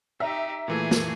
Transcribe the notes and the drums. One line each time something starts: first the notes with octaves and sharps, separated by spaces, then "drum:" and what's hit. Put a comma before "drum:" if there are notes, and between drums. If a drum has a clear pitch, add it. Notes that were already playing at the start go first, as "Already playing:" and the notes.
D#4 G4 E5 A#5
A#2 E3 A3 G#4
drum: snare